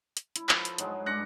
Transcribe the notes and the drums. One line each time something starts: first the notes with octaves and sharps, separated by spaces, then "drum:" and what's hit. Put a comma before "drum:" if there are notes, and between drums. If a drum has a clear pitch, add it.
drum: hi-hat
E4, drum: hi-hat
F3 A4 B4, drum: clap
drum: hi-hat
G#2 F#3 G#3, drum: hi-hat
G2 G#3 D4 F#6 A#6 C#7